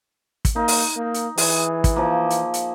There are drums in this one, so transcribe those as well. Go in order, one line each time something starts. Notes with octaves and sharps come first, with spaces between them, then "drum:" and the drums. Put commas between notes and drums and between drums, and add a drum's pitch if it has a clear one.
drum: kick, hi-hat
A#3 D#4
drum: open hi-hat
A#3
drum: hi-hat
E3 G#4, drum: open hi-hat
drum: kick, hi-hat
F3 A#3
drum: hi-hat
drum: hi-hat